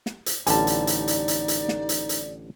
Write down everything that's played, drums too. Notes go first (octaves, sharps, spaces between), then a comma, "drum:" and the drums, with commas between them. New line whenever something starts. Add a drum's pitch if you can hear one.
drum: snare
drum: hi-hat
A1 D3 G3 D#4 D5 G#5 A5, drum: hi-hat
drum: hi-hat
drum: hi-hat
drum: hi-hat
drum: hi-hat
drum: hi-hat
drum: snare
drum: hi-hat
drum: hi-hat